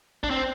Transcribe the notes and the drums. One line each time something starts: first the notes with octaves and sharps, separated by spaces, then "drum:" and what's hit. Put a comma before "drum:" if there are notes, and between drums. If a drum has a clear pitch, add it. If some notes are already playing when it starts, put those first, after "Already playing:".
D4, drum: kick
C4